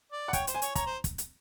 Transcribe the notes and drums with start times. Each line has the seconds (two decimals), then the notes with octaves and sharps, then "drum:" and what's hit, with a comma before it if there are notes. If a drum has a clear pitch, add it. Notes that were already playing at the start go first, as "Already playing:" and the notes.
0.12 D5
0.28 F#5
0.33 C#5 G5, drum: kick, hi-hat
0.47 C5, drum: hi-hat
0.54 G#5
0.62 C#5, drum: hi-hat
0.75 C#5 A#5, drum: kick, hi-hat
0.86 C5
1.04 drum: kick, hi-hat
1.18 drum: hi-hat